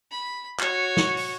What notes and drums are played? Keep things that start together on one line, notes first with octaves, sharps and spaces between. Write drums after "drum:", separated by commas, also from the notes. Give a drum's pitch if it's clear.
B5
F#4 C#5, drum: clap
drum: snare
drum: open hi-hat